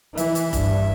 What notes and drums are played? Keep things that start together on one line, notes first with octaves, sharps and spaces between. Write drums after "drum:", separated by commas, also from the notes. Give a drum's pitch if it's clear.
E3 E5, drum: hi-hat
drum: hi-hat
G2, drum: kick F1, hi-hat